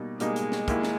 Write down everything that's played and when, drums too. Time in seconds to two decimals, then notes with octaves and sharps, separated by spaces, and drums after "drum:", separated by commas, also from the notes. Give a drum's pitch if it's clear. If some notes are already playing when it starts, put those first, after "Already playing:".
Already playing: B2 G3 A#3 D#4
0.20 B2 G3 G#3 A#3 D#4, drum: hi-hat
0.36 drum: hi-hat
0.52 drum: snare
0.68 D#2 D#3 A#3 E4, drum: kick, hi-hat
0.83 drum: snare